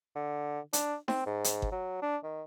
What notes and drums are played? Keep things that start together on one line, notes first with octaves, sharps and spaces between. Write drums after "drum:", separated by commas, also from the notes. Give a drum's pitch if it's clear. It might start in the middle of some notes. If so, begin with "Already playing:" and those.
D3
D4, drum: hi-hat
C4, drum: snare D#4
G#2
drum: hi-hat
drum: kick G1
F#3
D4
D#3